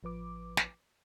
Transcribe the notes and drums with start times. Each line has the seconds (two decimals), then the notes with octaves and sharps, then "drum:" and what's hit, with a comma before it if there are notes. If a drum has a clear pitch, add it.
0.03 A1 F3 B4 D6
0.57 drum: snare